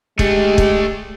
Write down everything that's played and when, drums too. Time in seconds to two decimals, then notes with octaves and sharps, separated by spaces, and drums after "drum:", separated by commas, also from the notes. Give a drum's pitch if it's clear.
0.19 G#3 A3 D4 G4, drum: kick
0.58 drum: kick